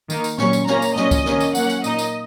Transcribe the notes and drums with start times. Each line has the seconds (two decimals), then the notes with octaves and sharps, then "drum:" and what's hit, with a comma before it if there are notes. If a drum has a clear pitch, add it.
0.10 D#3 A#3 D#4, drum: tambourine
0.24 drum: tambourine
0.38 A#2 F#3 C#4 C#6, drum: snare
0.53 drum: tambourine
0.67 A#2 A#3 C#4 A#5, drum: snare
0.82 drum: tambourine
0.96 A#2 F#3 C#4 D#5, drum: snare
1.11 drum: kick C#2, tambourine
1.26 D#3 A#3 C#4, drum: snare
1.40 drum: tambourine
1.55 F#3 A#3 C#4 F#5, drum: tambourine
1.69 drum: tambourine
1.84 A#2 A#3 D#4 D#5, drum: tambourine
1.99 drum: tambourine